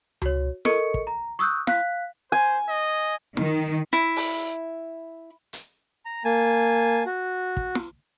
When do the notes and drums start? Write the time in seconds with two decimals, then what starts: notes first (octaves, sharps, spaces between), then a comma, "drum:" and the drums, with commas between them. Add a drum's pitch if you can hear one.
0.22 F#4 C#5, drum: tom C#2
0.65 A4 A#4 D#5 C#6 C#7, drum: snare
0.94 drum: kick
1.07 A#5
1.39 C#6 D#6 E6 F#6 G6
1.67 F5 F#6 B6, drum: snare
2.32 C5 G#5
2.69 D#5
3.37 D#3, drum: snare
3.93 E4
4.16 drum: open hi-hat
5.53 drum: hi-hat
6.05 A#5
6.25 A#3 G#5 A5
7.06 F#4
7.57 drum: kick
7.75 drum: snare